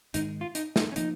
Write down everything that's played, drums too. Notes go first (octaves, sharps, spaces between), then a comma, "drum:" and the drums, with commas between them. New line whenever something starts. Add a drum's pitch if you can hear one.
G#2 D#3 G#3 D#4, drum: hi-hat
F4
D#4, drum: hi-hat
D#4, drum: snare
C#4
F3 A#3 D#4, drum: hi-hat